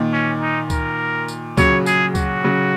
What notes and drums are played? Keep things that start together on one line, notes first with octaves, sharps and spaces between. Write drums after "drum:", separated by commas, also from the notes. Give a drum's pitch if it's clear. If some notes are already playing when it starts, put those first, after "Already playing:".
Already playing: A#2 D#3
C#4
D#4
A#4, drum: kick C#2, tambourine
drum: tambourine
C#3 F#3 C#5, drum: kick C#2, tambourine
G#4, drum: tambourine
F#4, drum: kick C#2, tambourine
C#3 F#3